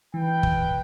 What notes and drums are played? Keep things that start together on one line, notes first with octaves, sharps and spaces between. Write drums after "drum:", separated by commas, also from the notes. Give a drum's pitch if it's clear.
E3 B4 G5
drum: kick